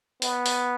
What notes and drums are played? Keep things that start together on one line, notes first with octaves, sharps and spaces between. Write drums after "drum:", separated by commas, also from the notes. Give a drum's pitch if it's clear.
B3, drum: open hi-hat
drum: open hi-hat